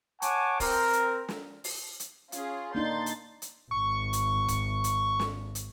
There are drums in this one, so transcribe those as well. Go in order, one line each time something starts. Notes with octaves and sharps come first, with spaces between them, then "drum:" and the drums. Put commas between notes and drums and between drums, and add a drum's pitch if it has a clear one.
C#5 F#5 G#5 A5 C#6 D6, drum: hi-hat
C4 A#4, drum: kick, open hi-hat
drum: hi-hat
drum: snare
drum: open hi-hat
drum: hi-hat
C#4 F4 G#4, drum: hi-hat
A#3 D4 D#4 C6 G6 A6
drum: hi-hat
drum: hi-hat
G#1 C#6
drum: hi-hat
drum: kick, hi-hat
drum: hi-hat
drum: snare
drum: hi-hat